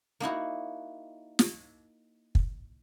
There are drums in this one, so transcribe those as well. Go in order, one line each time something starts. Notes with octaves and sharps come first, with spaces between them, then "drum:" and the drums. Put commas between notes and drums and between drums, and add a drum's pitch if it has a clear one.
A#3 D#4 E4 F#4
drum: snare
drum: kick